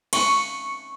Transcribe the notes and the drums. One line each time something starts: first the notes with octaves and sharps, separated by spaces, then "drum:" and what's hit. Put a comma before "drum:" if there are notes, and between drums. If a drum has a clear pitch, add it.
C#6, drum: cymbal